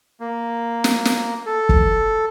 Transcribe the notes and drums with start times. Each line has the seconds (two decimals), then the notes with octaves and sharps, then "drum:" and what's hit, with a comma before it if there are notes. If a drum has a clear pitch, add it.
0.20 A#3
0.84 drum: snare
1.05 drum: snare
1.46 A4
1.69 drum: kick